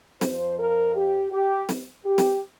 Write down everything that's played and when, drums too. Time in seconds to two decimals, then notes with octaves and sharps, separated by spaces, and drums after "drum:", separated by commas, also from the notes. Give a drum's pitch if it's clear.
0.21 F2 F3 C5, drum: snare
0.58 A#4
0.95 G4
1.32 G4
1.69 drum: snare
2.06 G4
2.18 drum: snare